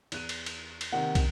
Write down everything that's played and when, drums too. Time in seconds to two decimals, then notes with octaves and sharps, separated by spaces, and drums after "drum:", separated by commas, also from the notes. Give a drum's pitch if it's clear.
0.12 E2 F#6 D#7, drum: cymbal
0.29 drum: cymbal
0.46 drum: cymbal
0.81 drum: cymbal
0.92 C3 D#3 A#3 F#5
1.15 drum: kick, cymbal